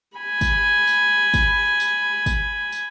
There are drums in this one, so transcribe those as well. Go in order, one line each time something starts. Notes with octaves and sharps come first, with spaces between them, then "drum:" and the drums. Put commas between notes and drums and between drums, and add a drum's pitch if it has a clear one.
G#5 B5
drum: kick, tambourine
drum: tambourine
drum: kick, tambourine
drum: tambourine
drum: kick, tambourine
drum: tambourine